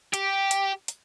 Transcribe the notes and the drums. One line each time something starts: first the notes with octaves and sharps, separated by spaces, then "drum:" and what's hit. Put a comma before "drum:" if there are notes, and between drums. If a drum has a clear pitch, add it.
G4, drum: hi-hat
drum: hi-hat
drum: hi-hat